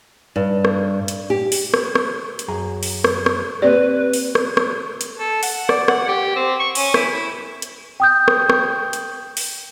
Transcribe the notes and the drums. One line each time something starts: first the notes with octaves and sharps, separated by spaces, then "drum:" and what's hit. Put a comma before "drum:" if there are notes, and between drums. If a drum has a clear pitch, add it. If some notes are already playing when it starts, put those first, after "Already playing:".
G2
drum: rim click
drum: hi-hat
G4
drum: open hi-hat
drum: rim click
drum: rim click
drum: hi-hat
F#2 G#4 A#5
drum: open hi-hat
drum: rim click
drum: rim click
A#3 C4 G4 B4 D5
drum: open hi-hat
drum: rim click
drum: rim click
drum: hi-hat
A4
F#5, drum: open hi-hat
D5, drum: rim click
F#5, drum: rim click
G4
C4
C#6
C#4, drum: open hi-hat
E4, drum: rim click
E4
drum: hi-hat
G5 D#6 G6
drum: rim click
drum: rim click
drum: hi-hat
drum: open hi-hat